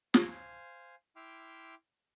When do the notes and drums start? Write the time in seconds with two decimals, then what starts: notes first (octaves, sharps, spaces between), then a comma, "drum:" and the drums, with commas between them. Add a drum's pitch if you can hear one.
0.14 C5 F5 G#5, drum: snare
1.16 E4 E5 G5 C6 D6 F6